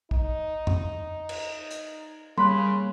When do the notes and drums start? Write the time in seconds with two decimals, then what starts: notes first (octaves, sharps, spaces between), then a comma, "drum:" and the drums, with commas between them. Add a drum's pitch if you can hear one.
0.11 D#4, drum: kick
0.67 drum: tom F2
1.29 drum: cymbal
1.71 drum: hi-hat
2.38 C#3 G3 A#3 B5 C6 F#6